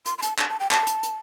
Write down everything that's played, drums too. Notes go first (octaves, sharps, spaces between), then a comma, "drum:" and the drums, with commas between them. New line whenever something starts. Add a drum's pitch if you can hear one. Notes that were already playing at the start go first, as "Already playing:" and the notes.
C6, drum: hi-hat
C6
A5, drum: hi-hat
A5, drum: clap
A5
G5
A5, drum: clap
drum: hi-hat
drum: hi-hat